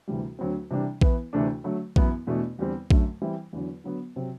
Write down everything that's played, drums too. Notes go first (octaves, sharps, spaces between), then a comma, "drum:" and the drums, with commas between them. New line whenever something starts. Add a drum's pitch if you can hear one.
D2 C3 E3 G3
D2 D3 F#3 C4
C3 E3 G3 D4
E3 B3 E4 B4, drum: kick A#1
D2 C3 E3 A3 D4
D3 F#3 A3
F#2 E3 B3 E4, drum: kick A#1
E2 B2 A3 D4
E2 D3 G3 C4
F#2 D3 F#3 A3, drum: kick A#1
E3 G3 C4 E4
E2 D3 F#3
D3 F#3 B3
C3 F#3 C4